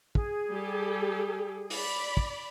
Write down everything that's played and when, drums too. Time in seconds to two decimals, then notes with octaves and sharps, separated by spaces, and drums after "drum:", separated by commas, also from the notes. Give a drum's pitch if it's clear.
0.15 G#4, drum: kick
0.50 G3 G4 A4
1.70 D5 B5, drum: open hi-hat
2.17 drum: kick